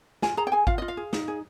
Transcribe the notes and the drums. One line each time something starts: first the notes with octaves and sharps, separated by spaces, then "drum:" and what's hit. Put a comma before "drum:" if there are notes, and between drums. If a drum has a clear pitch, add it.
F4 G#5, drum: snare
G#4 A#5
G5
G#4 G#5
F4 F5, drum: kick G#1
F4 D#5
F5
G#4
D#4, drum: snare
G#4